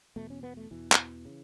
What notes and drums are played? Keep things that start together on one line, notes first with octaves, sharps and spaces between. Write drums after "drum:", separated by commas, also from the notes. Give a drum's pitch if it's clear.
E2 B2 A3
C#4
B3
A3
E2 B2 E3
drum: clap
C#3